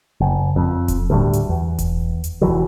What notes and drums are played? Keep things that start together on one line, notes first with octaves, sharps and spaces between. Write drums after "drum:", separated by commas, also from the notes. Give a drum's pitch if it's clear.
F#1
F2
drum: kick E1, hi-hat
D2 A2 G3
drum: hi-hat
E2
drum: kick E1, hi-hat
drum: hi-hat
E1 F2 E3 F#3